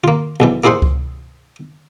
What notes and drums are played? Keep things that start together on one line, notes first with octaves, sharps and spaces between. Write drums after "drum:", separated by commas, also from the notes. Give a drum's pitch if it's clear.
A#3 F4
B1 G#2 E3
A#3 E4 G#4 C5 F#5
drum: kick C#2